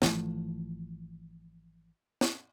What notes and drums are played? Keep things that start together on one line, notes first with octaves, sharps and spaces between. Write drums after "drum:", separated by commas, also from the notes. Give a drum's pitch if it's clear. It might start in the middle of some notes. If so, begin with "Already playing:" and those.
G#1 E3 F3 A3, drum: snare
drum: snare